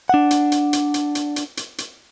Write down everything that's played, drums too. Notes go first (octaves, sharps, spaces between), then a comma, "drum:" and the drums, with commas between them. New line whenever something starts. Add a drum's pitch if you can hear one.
D4 F#5
drum: hi-hat
drum: hi-hat
drum: hi-hat
drum: hi-hat
drum: hi-hat
drum: hi-hat
drum: hi-hat
drum: hi-hat